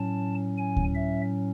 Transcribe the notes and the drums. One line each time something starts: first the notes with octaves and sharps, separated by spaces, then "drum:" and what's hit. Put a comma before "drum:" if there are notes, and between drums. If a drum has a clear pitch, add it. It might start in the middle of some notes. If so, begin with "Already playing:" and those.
Already playing: A2 F#3 C#4 A5
G#5
drum: kick D2
E5